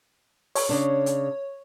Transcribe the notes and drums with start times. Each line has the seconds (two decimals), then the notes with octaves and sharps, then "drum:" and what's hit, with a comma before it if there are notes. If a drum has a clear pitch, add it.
0.55 C#5, drum: open hi-hat
0.69 C#3 D4
1.06 drum: hi-hat